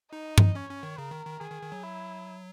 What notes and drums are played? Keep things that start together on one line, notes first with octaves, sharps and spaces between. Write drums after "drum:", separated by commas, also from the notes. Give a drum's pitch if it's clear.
D#4 D#5
drum: tom G2
C#4 C#5
C#4
D#3
C#3 A#4
D#3
D#3
D#3 G#4
D#3
D#3
F#3
E4